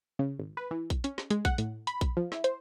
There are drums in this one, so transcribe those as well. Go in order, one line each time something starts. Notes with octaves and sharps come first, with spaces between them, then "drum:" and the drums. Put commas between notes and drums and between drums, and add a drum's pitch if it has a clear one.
C#3
G#1
B4
E3
drum: kick A#1, hi-hat
C#4, drum: hi-hat
drum: snare
G#3, drum: hi-hat
F#5, drum: kick A#1, hi-hat
A2, drum: hi-hat
B5, drum: hi-hat
drum: kick A#1, hi-hat
F3
E4, drum: snare
C5, drum: hi-hat